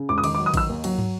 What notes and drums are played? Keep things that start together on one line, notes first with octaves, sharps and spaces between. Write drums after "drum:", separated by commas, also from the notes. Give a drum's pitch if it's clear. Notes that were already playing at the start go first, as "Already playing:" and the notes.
Already playing: C#3
E1 D6
D#6
D#3 D6, drum: cymbal
D6
F#3
D#6
D#3 E6, drum: kick A1, cymbal
D#2
F#3, drum: cymbal
drum: tom